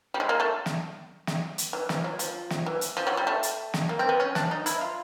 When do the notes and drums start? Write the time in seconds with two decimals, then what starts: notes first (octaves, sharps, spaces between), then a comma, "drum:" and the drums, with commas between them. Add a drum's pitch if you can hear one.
0.14 G3
0.20 G#3
0.29 A#3
0.40 A3
0.66 drum: snare
1.27 drum: snare
1.58 drum: hi-hat
1.73 E3
1.89 F3, drum: snare
2.04 F#3
2.19 F3, drum: hi-hat
2.50 drum: snare
2.66 E3
2.81 drum: hi-hat
2.97 F3
3.07 F#3
3.17 G3
3.27 A3
3.43 drum: hi-hat
3.74 drum: snare
3.89 A#3
3.99 C4
4.09 B3
4.20 C#4
4.35 D4, drum: snare
4.51 D#4
4.66 E4, drum: hi-hat
4.81 F4